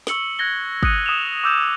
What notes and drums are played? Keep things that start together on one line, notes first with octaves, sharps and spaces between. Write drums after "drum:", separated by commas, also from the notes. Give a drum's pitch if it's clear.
C#6 E6 C#7 F#7 G7, drum: snare
F#6 G#6 A#6 G7
D#6 F#6 C#7 D#7, drum: kick
D#6 E7 F7
D6 E6 G6 E7 F7